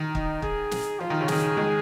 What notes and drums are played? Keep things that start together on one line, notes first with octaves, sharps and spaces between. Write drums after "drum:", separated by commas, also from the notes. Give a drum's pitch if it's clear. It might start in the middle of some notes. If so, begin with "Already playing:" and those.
Already playing: D#3
D#4, drum: kick
G#4, drum: kick
drum: snare
F3 F4
D#3
C#3
D#3 G#4, drum: snare
D#3 G#3